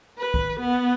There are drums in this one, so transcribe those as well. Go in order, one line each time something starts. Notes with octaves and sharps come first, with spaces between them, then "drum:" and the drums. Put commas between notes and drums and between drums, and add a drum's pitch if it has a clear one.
B4
drum: kick C2
B3